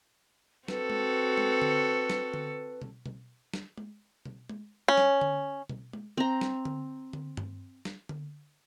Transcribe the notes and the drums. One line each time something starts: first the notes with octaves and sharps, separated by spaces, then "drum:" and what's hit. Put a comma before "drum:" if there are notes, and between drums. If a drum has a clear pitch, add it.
C4 F#4 A4 B4, drum: snare
drum: tom G#3
drum: tom G#3
drum: tom D3
drum: snare
drum: tom D3
drum: tom B2
drum: tom B2
drum: snare
drum: tom G#3
drum: tom B2
drum: tom G#3
C#4
drum: snare
drum: tom D3
drum: tom B2
drum: tom G#3
C4 A#5
drum: snare
drum: tom D3
drum: tom D3
drum: tom G2
drum: snare
drum: tom D3